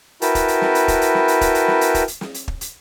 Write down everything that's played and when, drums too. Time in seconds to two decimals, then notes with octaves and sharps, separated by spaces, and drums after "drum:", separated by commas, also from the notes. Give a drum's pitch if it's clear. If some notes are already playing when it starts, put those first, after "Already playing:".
0.22 E4 F#4 A#4 B4 G5 A5, drum: hi-hat
0.35 drum: kick, hi-hat
0.48 drum: hi-hat
0.61 drum: snare
0.75 drum: hi-hat
0.88 drum: kick, hi-hat
1.01 drum: hi-hat
1.15 drum: snare
1.28 drum: hi-hat
1.41 drum: kick, hi-hat
1.55 drum: hi-hat
1.68 drum: snare
1.81 drum: hi-hat
1.94 drum: kick, hi-hat
2.08 drum: hi-hat
2.21 drum: snare
2.34 drum: hi-hat
2.48 drum: kick
2.61 drum: hi-hat